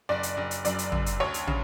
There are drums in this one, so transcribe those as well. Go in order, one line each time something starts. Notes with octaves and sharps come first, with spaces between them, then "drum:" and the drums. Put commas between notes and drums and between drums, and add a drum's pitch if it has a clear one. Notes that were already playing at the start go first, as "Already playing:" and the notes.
F#1 D5
drum: hi-hat
F#1
drum: hi-hat
F#2 D5, drum: hi-hat
drum: hi-hat
F#2, drum: tom
drum: hi-hat
D2 C#5
drum: hi-hat
C#3, drum: tom